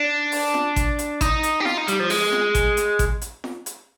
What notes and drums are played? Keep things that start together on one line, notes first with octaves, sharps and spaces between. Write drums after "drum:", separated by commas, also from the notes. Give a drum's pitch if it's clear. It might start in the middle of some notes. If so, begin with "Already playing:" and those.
Already playing: D4
drum: open hi-hat
drum: snare
drum: kick G#1, hi-hat
drum: hi-hat
D#4, drum: kick G#1, hi-hat
drum: hi-hat
G4
F4, drum: snare
D#4
G3, drum: hi-hat
F3
G#3, drum: open hi-hat
drum: snare
drum: kick G#1, hi-hat
drum: hi-hat
drum: kick G#1, hi-hat
drum: hi-hat
drum: snare
drum: hi-hat